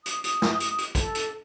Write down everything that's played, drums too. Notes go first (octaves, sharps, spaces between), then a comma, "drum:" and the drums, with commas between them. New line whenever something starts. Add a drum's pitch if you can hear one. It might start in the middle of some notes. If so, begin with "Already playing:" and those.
D#6, drum: hi-hat
drum: hi-hat
drum: snare
drum: hi-hat
drum: hi-hat
A4, drum: kick, hi-hat
drum: hi-hat